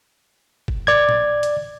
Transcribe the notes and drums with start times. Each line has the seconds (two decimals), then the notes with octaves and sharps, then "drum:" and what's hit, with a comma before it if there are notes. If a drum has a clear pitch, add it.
0.68 drum: kick
0.87 D5 G#6
1.09 drum: tom A2
1.43 drum: hi-hat